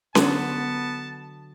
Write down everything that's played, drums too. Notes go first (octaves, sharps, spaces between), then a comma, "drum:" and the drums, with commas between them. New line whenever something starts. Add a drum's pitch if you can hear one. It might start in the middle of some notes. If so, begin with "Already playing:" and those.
D3 F#3 B3 A5, drum: snare C#4